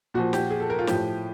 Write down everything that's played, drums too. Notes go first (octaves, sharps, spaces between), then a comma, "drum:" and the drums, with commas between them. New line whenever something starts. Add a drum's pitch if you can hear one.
A#2 F3 F#4
G4, drum: snare
G#4
A4
A#4
F4
A2 F3 G4, drum: snare